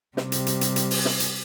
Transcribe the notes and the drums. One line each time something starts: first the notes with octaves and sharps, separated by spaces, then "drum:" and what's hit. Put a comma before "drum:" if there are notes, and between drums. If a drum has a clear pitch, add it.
C3 G3, drum: snare
drum: hi-hat
drum: hi-hat
drum: hi-hat
drum: hi-hat
drum: open hi-hat
drum: snare
drum: hi-hat